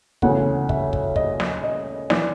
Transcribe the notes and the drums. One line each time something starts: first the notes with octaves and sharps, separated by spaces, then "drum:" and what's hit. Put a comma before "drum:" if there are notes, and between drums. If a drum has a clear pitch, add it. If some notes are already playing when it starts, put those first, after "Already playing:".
D2 C#3 E3 F#5, drum: kick
E5, drum: kick
drum: kick
D#5, drum: kick
drum: snare
D#5
E3 D5, drum: snare